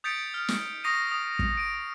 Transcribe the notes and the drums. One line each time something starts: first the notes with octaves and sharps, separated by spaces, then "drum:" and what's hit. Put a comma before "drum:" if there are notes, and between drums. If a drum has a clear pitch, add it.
D#6 G6 A6 B6 C#7 D7
F6
drum: snare
C#6 D#6 A#6 C7 D#7
D#6
drum: kick
D7 D#7